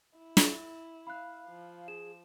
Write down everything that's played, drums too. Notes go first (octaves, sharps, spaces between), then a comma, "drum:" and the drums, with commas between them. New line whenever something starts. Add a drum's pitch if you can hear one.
E4
drum: snare
F5 B5 F#6
F3
G#4 E7